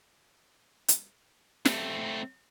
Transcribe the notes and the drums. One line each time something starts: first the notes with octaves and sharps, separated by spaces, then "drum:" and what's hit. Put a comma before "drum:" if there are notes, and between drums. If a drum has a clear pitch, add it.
drum: hi-hat
A3 C4, drum: snare